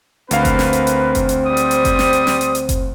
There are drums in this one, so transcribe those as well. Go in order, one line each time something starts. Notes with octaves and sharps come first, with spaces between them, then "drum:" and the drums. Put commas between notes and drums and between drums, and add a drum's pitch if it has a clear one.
D2 C4 A#4 B4 F5, drum: hi-hat
drum: kick F#1, hi-hat
drum: snare
drum: hi-hat
drum: hi-hat
drum: kick F#1, hi-hat
drum: hi-hat
G3 C5 D#6
drum: hi-hat
drum: hi-hat
drum: kick F#1, hi-hat
drum: snare
drum: hi-hat
drum: snare
drum: hi-hat
drum: hi-hat
drum: kick F#1, hi-hat